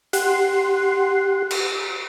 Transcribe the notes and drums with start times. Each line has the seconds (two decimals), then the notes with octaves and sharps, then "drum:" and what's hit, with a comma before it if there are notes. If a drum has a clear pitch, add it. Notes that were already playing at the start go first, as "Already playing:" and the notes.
0.13 G4 F#5 C6, drum: hi-hat
1.51 drum: cymbal